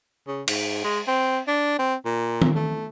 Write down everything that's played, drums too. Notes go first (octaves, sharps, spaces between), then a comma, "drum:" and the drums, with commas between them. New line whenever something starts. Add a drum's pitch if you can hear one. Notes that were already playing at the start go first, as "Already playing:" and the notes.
C#3
G#2, drum: cymbal
G#3
C4
D4
C4
A#2
drum: tom D#3
A3